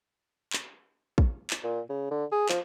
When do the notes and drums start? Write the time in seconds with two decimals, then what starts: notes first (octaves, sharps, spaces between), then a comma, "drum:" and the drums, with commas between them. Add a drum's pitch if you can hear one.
0.53 drum: clap
1.18 drum: kick
1.50 drum: clap
1.64 A#2
1.89 C#3
2.10 D3
2.32 G#4
2.49 F3, drum: clap